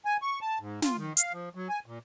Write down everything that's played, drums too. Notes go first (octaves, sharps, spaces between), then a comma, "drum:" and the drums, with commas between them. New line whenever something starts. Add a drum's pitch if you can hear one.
G#5
C#6
A5
G#2
F4, drum: snare
D#3
F5, drum: hi-hat
F3
F#3
G#5
A#2